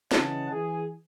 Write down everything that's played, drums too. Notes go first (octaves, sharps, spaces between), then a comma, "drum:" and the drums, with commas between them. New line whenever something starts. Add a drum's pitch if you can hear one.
C#3 E3 C#4 D#5 F#5 A5, drum: snare
E3 G#4